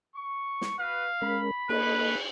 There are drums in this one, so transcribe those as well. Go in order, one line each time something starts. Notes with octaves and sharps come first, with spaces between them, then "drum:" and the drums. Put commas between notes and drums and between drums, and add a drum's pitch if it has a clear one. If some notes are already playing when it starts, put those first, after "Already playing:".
C#6
drum: snare
F#4 B4 F5
G#3 C#4 A#4 B5
A#3 A4 B4 D#5, drum: cymbal